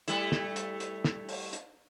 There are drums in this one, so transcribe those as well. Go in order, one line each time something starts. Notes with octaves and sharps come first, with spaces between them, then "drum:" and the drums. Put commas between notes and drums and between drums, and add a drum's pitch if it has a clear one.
G3 A3 E4, drum: hi-hat
drum: snare
drum: hi-hat
drum: hi-hat
drum: snare
drum: open hi-hat
drum: hi-hat